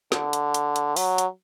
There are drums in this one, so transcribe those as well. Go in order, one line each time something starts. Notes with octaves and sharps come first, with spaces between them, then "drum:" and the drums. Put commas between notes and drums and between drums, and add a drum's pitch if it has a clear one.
D3, drum: snare
drum: hi-hat
drum: hi-hat
drum: hi-hat
F#3, drum: open hi-hat
drum: hi-hat